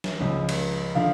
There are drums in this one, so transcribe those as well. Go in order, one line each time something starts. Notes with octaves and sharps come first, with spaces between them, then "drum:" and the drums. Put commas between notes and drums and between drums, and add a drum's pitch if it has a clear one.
drum: snare
C#2 C#3 F3
drum: cymbal
D3 F3 F5